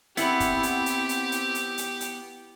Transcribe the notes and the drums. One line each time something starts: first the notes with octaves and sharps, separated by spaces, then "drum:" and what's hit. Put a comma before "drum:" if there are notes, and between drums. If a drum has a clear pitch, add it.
B3 C4 E4 G4 F#5, drum: hi-hat
drum: kick, hi-hat
drum: hi-hat
drum: hi-hat
drum: hi-hat
drum: hi-hat
drum: hi-hat
drum: hi-hat
drum: hi-hat